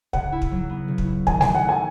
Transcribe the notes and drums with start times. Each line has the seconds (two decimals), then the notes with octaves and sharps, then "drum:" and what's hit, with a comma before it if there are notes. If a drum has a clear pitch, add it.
0.13 C#3 F#5, drum: kick
0.32 E4
0.42 drum: kick
0.51 F#3
0.69 B3
0.88 C#3
0.98 drum: kick
1.07 E4
1.27 D#3 G#5, drum: kick
1.41 F#4 G#5, drum: snare G3
1.55 F#5
1.63 A3
1.69 G#5